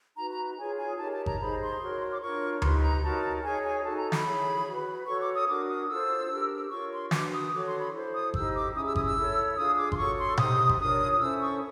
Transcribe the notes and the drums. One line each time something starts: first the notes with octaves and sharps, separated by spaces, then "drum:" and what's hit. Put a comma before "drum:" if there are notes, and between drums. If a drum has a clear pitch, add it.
D#4 F#4 B4 A#5
A#5
F4 G#4 C#5 G#5
G#5
D#4 G4 A#4 C#5 A5
A5
A#5, drum: kick G#1
D#4 G#4 C5 B5
C6
F#4 A#4 C#5
D6
D4 F4 A#4 C#5 C#6
D#4 G4 B4 C6, drum: tom D2
A#5
D#4 F#4 A#4 C#5 A5
D#4 G#4 C#5 G#5
G#5
D#4 F#4 A4 A5
A#5
B5, drum: snare
E4 G#4 C#5
F#4 B4
F#4 A4 C#5 C#6
D6
D#6
D4 F#4 A#4 D6
D#6
F4 A4 C5 E6
D4 G4 A#4
F4 A#4 C#5 C#6
C6
D4 F#4 B4 D6, drum: snare
D#6
F#4 A4 C#5 D6
C6
B5
E4 A4 C5
D#6
D#4 G4 C5 E6, drum: kick G#1
D6
C#4 E4 G#4 D#6
E6
D#6, drum: kick G#1
E6
E4 A4 C#5
D4 F4 G#4 D#6
D6
C6, drum: kick G#1
F#4 A4 C#5 C#6
C6
D#4 G4 C5 D#6, drum: tom B2
drum: kick G#1
D4 F4 A#4 C#5 D#6
C#4 E4 A4 C5 E6
C#6